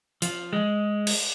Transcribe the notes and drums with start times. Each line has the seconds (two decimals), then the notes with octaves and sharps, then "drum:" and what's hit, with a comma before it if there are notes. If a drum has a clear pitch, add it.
0.22 F3, drum: hi-hat
0.53 G#3
1.07 drum: cymbal